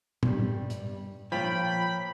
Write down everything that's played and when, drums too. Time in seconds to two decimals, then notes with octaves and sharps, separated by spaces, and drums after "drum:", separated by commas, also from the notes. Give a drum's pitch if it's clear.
0.23 G2 G3, drum: tom A2
0.70 drum: hi-hat
1.32 A#2 F3 A#3 F4 C#5 G5 B5